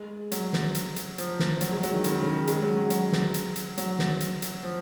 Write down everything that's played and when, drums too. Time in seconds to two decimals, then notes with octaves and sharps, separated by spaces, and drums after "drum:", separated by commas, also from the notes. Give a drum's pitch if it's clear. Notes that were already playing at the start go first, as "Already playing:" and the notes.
Already playing: G#3
0.32 F#3, drum: hi-hat
0.53 drum: snare
0.75 drum: hi-hat
0.96 drum: hi-hat
1.18 F3, drum: hi-hat
1.39 drum: snare
1.61 F#3, drum: hi-hat
1.72 G#3
1.83 F#3, drum: hi-hat
1.93 D#3
2.04 C#3, drum: hi-hat
2.14 D#3
2.22 C#3
2.47 G#3, drum: hi-hat
2.62 F#3
2.77 F#3
2.90 F#3, drum: hi-hat
3.12 drum: snare
3.34 drum: hi-hat
3.56 drum: hi-hat
3.78 F#3, drum: hi-hat
3.99 drum: snare
4.20 drum: hi-hat
4.42 drum: hi-hat
4.63 F3